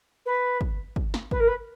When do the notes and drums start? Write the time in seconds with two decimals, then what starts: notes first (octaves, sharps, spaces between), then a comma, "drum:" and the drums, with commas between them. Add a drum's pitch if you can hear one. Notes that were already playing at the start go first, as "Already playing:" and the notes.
0.26 B4
0.61 drum: kick
0.96 drum: kick
1.14 drum: snare
1.31 B4, drum: kick
1.40 A#4
1.48 B4